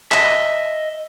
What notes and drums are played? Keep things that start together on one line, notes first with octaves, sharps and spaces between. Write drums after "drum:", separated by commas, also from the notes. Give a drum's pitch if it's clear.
D#5 E5, drum: clap